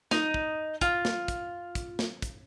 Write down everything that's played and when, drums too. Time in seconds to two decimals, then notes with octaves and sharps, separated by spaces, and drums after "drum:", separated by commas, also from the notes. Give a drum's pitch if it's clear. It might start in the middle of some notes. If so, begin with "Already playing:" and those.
0.11 D#4, drum: snare
0.34 drum: kick
0.81 F4, drum: kick, hi-hat
1.05 drum: snare
1.28 drum: kick, hi-hat
1.75 drum: kick, hi-hat
1.99 drum: snare
2.22 drum: kick, hi-hat